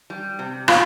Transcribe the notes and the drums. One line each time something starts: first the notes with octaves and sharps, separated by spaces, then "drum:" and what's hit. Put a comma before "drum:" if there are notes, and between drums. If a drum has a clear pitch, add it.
G3
C3
F4, drum: rim click